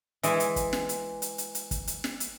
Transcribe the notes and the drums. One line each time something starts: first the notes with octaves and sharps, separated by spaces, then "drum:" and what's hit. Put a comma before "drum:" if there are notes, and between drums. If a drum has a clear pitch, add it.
E3 G#3, drum: hi-hat
drum: hi-hat
drum: kick, hi-hat
drum: snare
drum: hi-hat
drum: hi-hat
drum: hi-hat
drum: hi-hat
drum: kick, hi-hat
drum: hi-hat
drum: snare
drum: hi-hat